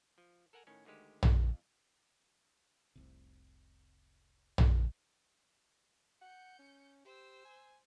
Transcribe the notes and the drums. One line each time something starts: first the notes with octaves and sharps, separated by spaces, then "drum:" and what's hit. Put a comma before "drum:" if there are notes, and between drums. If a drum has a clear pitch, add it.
F3
A4 A#4 F#5 G#5 A#5
A2 D#3 C#4
D2 D3 D#3 G#3 G4
drum: tom A#1
F2
F1 C2 C3
drum: tom A#1
F#5 G6 C#7
C#4
G4 C5 E6
G#5